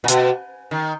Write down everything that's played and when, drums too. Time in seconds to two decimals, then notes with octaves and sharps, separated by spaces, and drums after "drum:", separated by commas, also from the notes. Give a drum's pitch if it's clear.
0.04 A#2
0.08 B2, drum: hi-hat
0.71 D#3